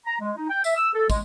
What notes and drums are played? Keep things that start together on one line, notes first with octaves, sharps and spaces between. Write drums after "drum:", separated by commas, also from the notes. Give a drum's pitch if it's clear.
A#5
G#3
D#4
G5
E5, drum: tambourine
E6
A4
G#3, drum: kick, tambourine